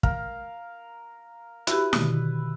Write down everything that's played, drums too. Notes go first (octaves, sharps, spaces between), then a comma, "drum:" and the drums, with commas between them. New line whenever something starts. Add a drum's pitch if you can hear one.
A#4 F5, drum: kick
E4 F#4 G4 B4, drum: hi-hat
B2 D3 D#3, drum: snare E4